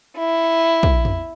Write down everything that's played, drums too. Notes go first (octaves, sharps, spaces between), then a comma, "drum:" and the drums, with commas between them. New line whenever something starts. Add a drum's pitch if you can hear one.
E4
drum: kick
drum: tom E2